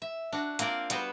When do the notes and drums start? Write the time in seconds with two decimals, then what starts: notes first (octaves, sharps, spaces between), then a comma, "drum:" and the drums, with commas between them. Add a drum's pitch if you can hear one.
0.02 E5
0.33 D4 F#4
0.59 A#3 C4 F4 A#4 D5, drum: hi-hat
0.90 G3 B3 F#4 B4 C5, drum: hi-hat